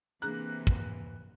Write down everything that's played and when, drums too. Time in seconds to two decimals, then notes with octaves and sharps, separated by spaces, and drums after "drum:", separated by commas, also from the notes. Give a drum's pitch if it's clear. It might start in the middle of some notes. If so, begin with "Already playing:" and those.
0.22 C3 E3 A#3 D4 G#4 A#5 F#6
0.67 drum: kick